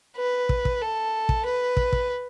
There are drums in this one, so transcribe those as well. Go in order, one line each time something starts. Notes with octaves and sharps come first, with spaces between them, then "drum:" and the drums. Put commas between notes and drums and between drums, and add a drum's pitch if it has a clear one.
B4
drum: kick
drum: kick
A4
drum: kick
B4
drum: kick
drum: kick